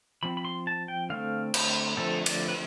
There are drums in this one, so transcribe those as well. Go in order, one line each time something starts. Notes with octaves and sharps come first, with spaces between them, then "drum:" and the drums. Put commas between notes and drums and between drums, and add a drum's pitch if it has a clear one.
F3 C4 B5
B5
C6
A5
G5
D3 A3 C4 F5
C5, drum: cymbal
D3 F3 A3 C4 A4
D5, drum: cymbal
B4